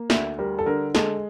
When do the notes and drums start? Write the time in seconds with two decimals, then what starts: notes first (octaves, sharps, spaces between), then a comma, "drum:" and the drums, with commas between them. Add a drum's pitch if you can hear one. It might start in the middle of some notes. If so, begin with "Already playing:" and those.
Already playing: A#3
0.10 D2 E5, drum: snare
0.38 G3 A#4
0.59 A4
0.66 D3 A#4
0.95 G#3 A4, drum: snare